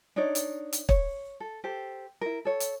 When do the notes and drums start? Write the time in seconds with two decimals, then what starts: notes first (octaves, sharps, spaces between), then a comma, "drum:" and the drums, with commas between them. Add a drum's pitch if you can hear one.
0.16 D4 D#4 C#5 D5
0.35 drum: hi-hat
0.73 drum: hi-hat
0.89 C#5, drum: kick
1.40 A4
1.64 G4 A4 C5
2.21 E4 A#4
2.45 A4 C#5
2.60 drum: hi-hat